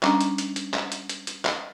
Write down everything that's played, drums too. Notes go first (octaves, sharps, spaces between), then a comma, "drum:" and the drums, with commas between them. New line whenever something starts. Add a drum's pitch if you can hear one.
G3 C#4 D4 A#5, drum: clap
drum: hi-hat
drum: hi-hat
drum: hi-hat
drum: clap
drum: hi-hat
drum: hi-hat
drum: hi-hat
drum: clap